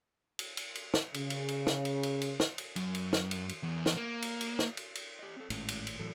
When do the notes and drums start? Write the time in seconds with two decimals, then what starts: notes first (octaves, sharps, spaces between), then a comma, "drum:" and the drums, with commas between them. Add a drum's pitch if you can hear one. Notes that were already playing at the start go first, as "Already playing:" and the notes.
0.39 drum: cymbal
0.57 drum: cymbal
0.75 drum: cymbal
0.94 drum: snare
1.14 C#3, drum: cymbal
1.30 drum: cymbal
1.48 drum: cymbal
1.67 drum: snare
1.85 drum: cymbal
2.03 drum: cymbal
2.22 drum: cymbal
2.40 drum: snare
2.58 drum: cymbal
2.76 F#2, drum: cymbal
2.95 drum: cymbal
3.13 drum: snare
3.31 drum: cymbal
3.49 drum: cymbal
3.63 E2
3.86 drum: snare
3.97 A#3
4.22 drum: cymbal
4.41 drum: cymbal
4.59 drum: snare
4.77 drum: cymbal
4.95 drum: cymbal
5.19 G4 D#5
5.36 C4 A4
5.50 G#1 A2 G#3 C#4, drum: cymbal
5.68 drum: cymbal
5.87 drum: cymbal
5.99 A2 E3 F#3 A4